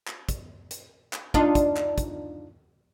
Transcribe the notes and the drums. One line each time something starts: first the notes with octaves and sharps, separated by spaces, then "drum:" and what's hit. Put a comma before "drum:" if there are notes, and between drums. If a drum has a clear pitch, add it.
drum: clap
drum: kick, hi-hat
drum: hi-hat
drum: clap
D4 D#4 F4, drum: kick
drum: kick, hi-hat
drum: clap
drum: kick, hi-hat